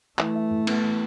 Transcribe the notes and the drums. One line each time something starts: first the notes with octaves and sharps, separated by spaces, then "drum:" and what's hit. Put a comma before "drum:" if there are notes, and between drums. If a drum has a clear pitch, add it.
E3 A3, drum: clap
E4
A2
B3, drum: cymbal
E3